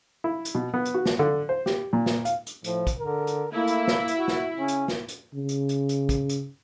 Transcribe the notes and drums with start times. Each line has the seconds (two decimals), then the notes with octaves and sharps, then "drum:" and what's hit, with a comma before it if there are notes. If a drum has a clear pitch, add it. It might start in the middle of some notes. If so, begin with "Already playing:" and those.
0.24 E4
0.45 drum: hi-hat
0.55 B2
0.74 B3
0.85 drum: hi-hat
0.94 F#4
1.05 drum: snare
1.19 D3
1.49 C5
1.66 G4, drum: snare
1.93 A#2
2.06 drum: snare
2.25 F5, drum: hi-hat
2.46 drum: hi-hat
2.64 A2 F3, drum: hi-hat
2.87 drum: kick, hi-hat
2.99 D3 A#4
3.27 drum: hi-hat
3.52 A3 A#3 E4
3.67 drum: hi-hat
3.87 drum: snare
4.08 drum: hi-hat
4.17 F#4
4.28 drum: snare
4.56 C#3 C#4
4.68 drum: hi-hat
4.88 drum: snare
5.08 drum: hi-hat
5.34 C#3
5.49 drum: hi-hat
5.69 drum: hi-hat
5.89 drum: hi-hat
6.09 drum: kick, hi-hat
6.29 drum: hi-hat